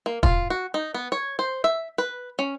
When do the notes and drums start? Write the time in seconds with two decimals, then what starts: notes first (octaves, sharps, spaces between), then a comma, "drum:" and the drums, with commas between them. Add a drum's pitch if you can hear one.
0.06 A#3
0.23 F4, drum: kick
0.50 F#4
0.74 D#4
0.94 B3
1.12 C#5
1.39 C5
1.64 E5
1.98 B4
2.39 C#4